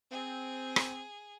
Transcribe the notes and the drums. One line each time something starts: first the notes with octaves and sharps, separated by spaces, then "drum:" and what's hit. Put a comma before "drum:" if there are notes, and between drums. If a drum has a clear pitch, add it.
C4 G#4
drum: rim click